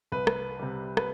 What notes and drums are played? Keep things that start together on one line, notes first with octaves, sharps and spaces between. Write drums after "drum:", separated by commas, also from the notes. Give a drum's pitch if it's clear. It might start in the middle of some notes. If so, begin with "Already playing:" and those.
C2 B4
drum: rim click
C3 G3
B4, drum: rim click